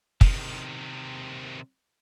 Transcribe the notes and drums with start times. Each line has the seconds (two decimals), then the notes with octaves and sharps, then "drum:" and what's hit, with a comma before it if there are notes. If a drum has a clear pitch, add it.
0.21 C3 D#3, drum: kick